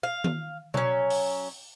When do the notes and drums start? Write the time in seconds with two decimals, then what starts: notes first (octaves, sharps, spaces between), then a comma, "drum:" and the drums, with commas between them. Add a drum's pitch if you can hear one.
0.03 F5
0.24 drum: tom D#3
0.74 F#3 C#4, drum: tom B2
1.10 drum: open hi-hat